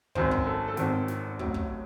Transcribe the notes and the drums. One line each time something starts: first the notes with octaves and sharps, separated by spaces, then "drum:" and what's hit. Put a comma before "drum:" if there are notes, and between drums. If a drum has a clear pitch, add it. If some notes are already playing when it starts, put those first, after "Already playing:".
G#1 F#2 D#3 C5, drum: kick
drum: kick
A4
A4
G#1 F#2 D#3 C5, drum: snare
drum: snare
A1 A2 F#3, drum: kick
drum: kick